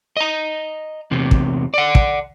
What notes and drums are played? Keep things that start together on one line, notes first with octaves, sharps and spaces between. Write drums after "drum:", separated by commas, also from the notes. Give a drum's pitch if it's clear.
D#5 A#5
E2 C3
drum: kick
D5 F#5
drum: kick